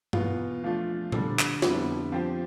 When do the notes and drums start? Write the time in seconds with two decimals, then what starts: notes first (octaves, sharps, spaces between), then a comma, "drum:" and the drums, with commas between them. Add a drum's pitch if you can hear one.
0.13 E2 B2 B3 F4, drum: tom
0.64 F3 A3 D4 F4
1.12 D3 G3 D4 A4, drum: tom A#2
1.39 drum: clap
1.62 F2 D3 G3 B3 E4, drum: snare
2.12 F3 C4 G4 C5